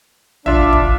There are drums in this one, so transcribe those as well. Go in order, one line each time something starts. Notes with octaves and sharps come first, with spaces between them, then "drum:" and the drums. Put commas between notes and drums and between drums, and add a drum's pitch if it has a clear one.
A#1 D4 F4 E5, drum: kick
drum: kick